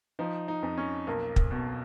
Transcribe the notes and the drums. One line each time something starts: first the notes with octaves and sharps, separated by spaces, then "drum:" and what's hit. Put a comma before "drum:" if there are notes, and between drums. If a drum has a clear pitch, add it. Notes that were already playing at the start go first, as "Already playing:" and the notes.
F3 D#4
D#4
F2
C#4
B1 A#3
drum: kick
B2